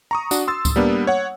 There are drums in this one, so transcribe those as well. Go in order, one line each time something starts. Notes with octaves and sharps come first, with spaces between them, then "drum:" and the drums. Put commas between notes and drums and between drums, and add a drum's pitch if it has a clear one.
A#5 C#6 D#6
D4 F#4, drum: tambourine
C6 E6 A6
drum: kick C#2, tambourine
G3 A#3 B3 D4
C#5 F#5